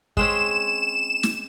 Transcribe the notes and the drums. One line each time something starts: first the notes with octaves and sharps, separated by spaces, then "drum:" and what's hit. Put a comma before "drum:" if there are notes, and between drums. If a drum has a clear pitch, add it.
G#3 C4 C#4 E7, drum: kick
drum: snare